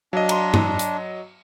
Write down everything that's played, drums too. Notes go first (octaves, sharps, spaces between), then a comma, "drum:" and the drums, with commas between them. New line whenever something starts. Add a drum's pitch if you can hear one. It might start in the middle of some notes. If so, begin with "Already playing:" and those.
F#3 D4 D#5 F5
A#5 C6, drum: cymbal
drum: tom G2
drum: hi-hat